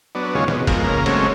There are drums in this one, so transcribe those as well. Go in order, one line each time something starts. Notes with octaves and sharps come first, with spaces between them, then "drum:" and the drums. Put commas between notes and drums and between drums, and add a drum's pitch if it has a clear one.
F#3 B3 D4
D#2 C#3 F#3 G#3 F4 C#5
B2, drum: snare
G#2 F3 A#4, drum: kick F#1, cymbal
C#3 A#3 A#4
C#3 F#3 G#3 A3 C4 C#4, drum: cymbal